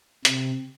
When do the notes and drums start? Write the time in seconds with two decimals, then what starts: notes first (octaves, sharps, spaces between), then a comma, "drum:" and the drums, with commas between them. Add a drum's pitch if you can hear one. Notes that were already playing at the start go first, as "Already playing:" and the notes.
0.25 C3, drum: hi-hat